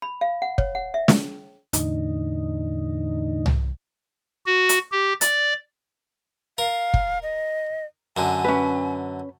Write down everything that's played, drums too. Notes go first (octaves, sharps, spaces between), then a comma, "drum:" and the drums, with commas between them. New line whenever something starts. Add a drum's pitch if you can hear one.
B5
F5
F#5
C#5, drum: kick
F#5
E5
drum: snare
E2 A2 D3 D#4, drum: hi-hat
drum: tom C2
F#4
drum: hi-hat
G4
D5, drum: hi-hat
A#4 F5
drum: kick
D#5
F#2 D3 G#5
C#4 B4